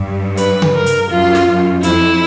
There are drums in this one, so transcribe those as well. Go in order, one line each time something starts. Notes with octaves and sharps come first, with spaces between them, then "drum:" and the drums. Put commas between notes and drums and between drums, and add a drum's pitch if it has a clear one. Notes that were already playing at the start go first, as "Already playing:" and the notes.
Already playing: G2
B4, drum: hi-hat
drum: tom C#3
A#4
drum: hi-hat
F#2 F4
drum: snare
F#2
F2 E4, drum: hi-hat